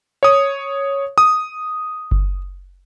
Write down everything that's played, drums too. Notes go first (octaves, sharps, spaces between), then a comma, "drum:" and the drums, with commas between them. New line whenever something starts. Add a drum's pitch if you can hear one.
C#5 D#6
D#6
drum: kick F#1